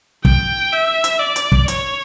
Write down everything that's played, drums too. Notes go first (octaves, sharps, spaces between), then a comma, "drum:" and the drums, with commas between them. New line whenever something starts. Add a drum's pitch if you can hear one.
G5, drum: kick
E5
drum: hi-hat
D5
drum: hi-hat
drum: kick
C#5, drum: hi-hat